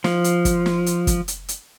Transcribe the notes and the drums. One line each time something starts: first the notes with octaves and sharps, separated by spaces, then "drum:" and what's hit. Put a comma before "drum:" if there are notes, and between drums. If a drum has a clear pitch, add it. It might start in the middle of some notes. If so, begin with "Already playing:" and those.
F3, drum: snare
drum: hi-hat
drum: kick, hi-hat
drum: snare
drum: hi-hat
drum: kick, hi-hat
drum: hi-hat
drum: hi-hat